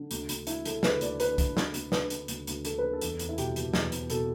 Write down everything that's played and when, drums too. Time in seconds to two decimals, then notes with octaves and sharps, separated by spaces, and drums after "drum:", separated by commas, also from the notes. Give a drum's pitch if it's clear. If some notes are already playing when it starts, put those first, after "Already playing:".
Already playing: D3
0.11 D2, drum: hi-hat
0.29 D2, drum: hi-hat
0.47 D3 E4, drum: hi-hat
0.65 D3 A4, drum: hi-hat
0.83 D2 B4, drum: snare
1.01 D2 D5, drum: hi-hat
1.20 D3 B4, drum: hi-hat
1.38 D3, drum: kick, hi-hat
1.57 D2, drum: snare
1.74 D2, drum: hi-hat
1.92 D3 B4, drum: snare
2.10 D3, drum: hi-hat
2.28 D2, drum: hi-hat
2.47 D2, drum: hi-hat
2.65 D3 A4, drum: hi-hat
2.78 D3 B4
2.93 A4
3.01 E2, drum: hi-hat
3.19 E2, drum: hi-hat
3.29 E4
3.38 B2 G4, drum: hi-hat
3.56 B2, drum: hi-hat
3.74 E2, drum: snare
3.92 E2, drum: hi-hat
4.10 B2 A4, drum: hi-hat